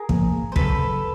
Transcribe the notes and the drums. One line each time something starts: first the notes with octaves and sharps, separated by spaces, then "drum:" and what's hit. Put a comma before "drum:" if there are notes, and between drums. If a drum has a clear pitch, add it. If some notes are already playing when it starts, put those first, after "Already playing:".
Already playing: G#4 A#4
G#2 F3 A#3, drum: kick
C5
C#2 C#3 F#3 A4 B4, drum: kick